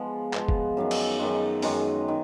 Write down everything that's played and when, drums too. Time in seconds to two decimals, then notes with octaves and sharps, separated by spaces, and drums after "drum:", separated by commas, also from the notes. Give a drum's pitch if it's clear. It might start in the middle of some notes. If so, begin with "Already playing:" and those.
Already playing: F3 G#3 B3
0.33 F3 G#3 B3, drum: clap
0.48 drum: kick
0.77 F#2 D#3 G#3
0.91 drum: cymbal
1.19 F#2 D#3 G#3
1.62 F#2 D#3 G#3, drum: open hi-hat
2.08 D#3